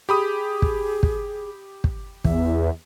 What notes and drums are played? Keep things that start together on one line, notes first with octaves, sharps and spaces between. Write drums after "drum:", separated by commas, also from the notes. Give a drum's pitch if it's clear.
G4 G#4 B5 D#6
drum: kick
drum: kick
drum: kick
E2 E5, drum: kick